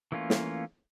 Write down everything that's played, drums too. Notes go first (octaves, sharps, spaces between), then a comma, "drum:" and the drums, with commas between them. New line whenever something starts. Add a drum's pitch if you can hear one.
E3 A3 A#3 C#4 F4
drum: snare